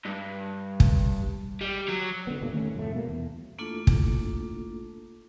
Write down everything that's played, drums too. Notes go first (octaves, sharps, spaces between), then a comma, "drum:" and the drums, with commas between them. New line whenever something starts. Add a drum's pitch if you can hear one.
G2
drum: kick
G3
F#3
D3 B3
E2 G2 A#2 D3
D#3 A3 A#3 C#4
C2 F2 G#2 A3
B2 A#3
E2
A3 A#3 D4 E4 F4 A4
drum: kick